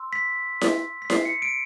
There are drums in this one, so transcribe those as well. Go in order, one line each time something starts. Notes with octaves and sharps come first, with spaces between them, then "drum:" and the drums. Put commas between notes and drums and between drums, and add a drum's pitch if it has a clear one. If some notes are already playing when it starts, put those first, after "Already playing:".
Already playing: C6 E6
B6
drum: snare E4
B6
C7, drum: snare E4
C#7
D7